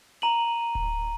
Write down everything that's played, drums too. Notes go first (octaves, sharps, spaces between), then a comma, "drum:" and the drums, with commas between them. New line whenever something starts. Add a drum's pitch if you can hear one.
A#5 D#7 F#7
drum: kick D1